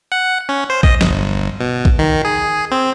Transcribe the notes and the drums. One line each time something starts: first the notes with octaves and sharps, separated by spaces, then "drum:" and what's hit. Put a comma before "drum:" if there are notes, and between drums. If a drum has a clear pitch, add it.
F#5
C#4
C5
D#5, drum: kick A#1
G1, drum: snare
B2
drum: kick A#1
D#3
G#4
C4